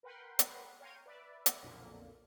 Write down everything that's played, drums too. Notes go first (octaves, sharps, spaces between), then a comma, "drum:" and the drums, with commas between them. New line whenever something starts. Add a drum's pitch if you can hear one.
A#4 B4 F#5 G5 C6
drum: hi-hat
C#5 F5 G5 A#5 C6 D#7
B4 D5 E5
drum: hi-hat
B1 F2 A#2 D3 A#3